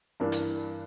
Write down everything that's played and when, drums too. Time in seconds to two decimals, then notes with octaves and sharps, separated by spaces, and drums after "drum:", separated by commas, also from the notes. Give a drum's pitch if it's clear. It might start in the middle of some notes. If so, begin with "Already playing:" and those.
0.20 G2 E3 A#3 D4
0.32 drum: hi-hat